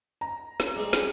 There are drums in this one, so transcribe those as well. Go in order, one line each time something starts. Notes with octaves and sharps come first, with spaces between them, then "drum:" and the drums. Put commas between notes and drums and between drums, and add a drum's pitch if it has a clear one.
A#5
drum: snare
G3 G#3 C4 G#4
drum: snare